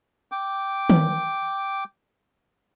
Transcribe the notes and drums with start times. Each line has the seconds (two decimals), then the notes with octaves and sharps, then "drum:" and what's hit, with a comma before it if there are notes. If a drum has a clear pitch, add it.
0.32 G5 D6
0.90 drum: tom D#3